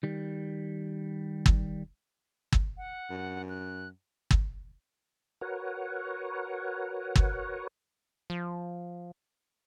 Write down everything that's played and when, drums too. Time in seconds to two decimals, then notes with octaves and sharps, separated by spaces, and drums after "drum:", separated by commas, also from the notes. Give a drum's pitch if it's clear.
0.03 D#3 G3
1.46 drum: kick G1
2.52 drum: kick G1
2.77 F#5
3.10 F#2
3.49 F#6
4.31 drum: kick G1
5.41 F#4 A#4 B4 C#5 F#5
7.15 drum: kick G1
8.30 F3